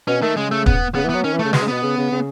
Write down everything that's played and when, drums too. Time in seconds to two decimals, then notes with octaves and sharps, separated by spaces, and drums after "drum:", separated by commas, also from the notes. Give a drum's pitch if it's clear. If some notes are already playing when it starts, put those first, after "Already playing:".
0.08 B2 C#4
0.22 D#3 A3
0.37 C#3 G#3
0.51 A3
0.66 B3, drum: kick
0.95 C#3 B3
1.05 E3
1.10 B3
1.15 F#3
1.24 D#3 C#4
1.34 E3
1.39 C#3 A3
1.53 B2 G#3, drum: snare
1.63 C#3
1.68 B2 B3
1.83 C#3
1.98 C#3
2.12 C#3